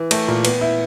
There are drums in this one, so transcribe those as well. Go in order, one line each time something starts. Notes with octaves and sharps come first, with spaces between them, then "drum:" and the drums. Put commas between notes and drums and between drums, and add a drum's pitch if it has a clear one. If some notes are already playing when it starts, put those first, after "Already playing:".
Already playing: E3
A3, drum: cymbal
A#2
B3, drum: cymbal
E4